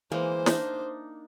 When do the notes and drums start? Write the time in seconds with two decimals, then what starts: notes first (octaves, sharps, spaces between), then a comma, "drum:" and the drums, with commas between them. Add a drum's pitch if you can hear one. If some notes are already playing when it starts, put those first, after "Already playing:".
0.12 E3 G#3 A#3 C5
0.46 D4 D#4, drum: snare